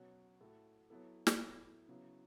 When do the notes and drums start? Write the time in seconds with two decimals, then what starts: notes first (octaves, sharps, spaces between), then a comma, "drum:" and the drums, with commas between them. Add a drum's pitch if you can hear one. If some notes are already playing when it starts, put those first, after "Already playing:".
Already playing: B2 F#3 C#4 F#4
0.40 A2 A3 F#4 A4
0.90 F#3 B3 E4 A4
1.27 drum: snare
1.39 A2 F#3 B3 E4
1.88 C#3 F#3 B3 E4